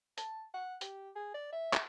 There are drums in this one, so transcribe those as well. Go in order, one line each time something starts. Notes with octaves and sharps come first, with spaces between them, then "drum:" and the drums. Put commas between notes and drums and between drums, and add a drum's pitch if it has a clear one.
A5, drum: hi-hat
F#5
G4, drum: hi-hat
G#4
D5
E5
drum: clap